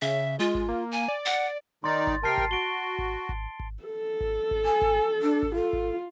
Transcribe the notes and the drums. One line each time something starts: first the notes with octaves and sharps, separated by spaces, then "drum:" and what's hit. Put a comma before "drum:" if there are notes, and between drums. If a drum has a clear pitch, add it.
C#3 E5
G#3 F4
drum: kick G#1
A#3
G#5
D5
F#5
D#3 D#4 D5 C6 A6
drum: kick G#1
C3 A#4 G5 A5 C7
drum: kick G#1
F#4 D7 G7
drum: kick G#1
drum: kick G#1
drum: kick G#1
A4
drum: kick G#1
drum: kick G#1
G#5
drum: kick G#1
D4
drum: kick G#1
F4 A4
drum: kick G#1